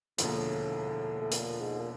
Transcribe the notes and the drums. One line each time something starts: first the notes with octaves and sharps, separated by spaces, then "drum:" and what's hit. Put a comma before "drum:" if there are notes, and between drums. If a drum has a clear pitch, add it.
E1 D#2 A2 D3 F3, drum: hi-hat
A2
A#2, drum: hi-hat
G#2
A#2